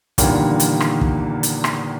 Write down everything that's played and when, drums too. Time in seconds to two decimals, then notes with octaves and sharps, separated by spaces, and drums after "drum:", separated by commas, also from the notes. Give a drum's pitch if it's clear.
0.18 E2 A#2 D3 D#3 G3 A#3, drum: kick, hi-hat
0.60 drum: hi-hat
0.80 drum: rim click
1.01 drum: kick
1.43 drum: hi-hat
1.64 drum: rim click